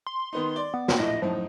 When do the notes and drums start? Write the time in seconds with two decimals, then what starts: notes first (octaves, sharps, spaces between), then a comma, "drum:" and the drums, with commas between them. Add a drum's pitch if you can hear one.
0.07 C6
0.33 D#3 B3 D#4
0.56 D5
0.74 B3
0.88 drum: snare
0.98 A#1 A2 E4 D#5
1.22 F#2 A2 F3 D#4